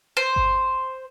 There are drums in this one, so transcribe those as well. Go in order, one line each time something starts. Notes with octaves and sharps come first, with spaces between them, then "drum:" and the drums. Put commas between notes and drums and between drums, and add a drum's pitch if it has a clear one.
C5
drum: kick G1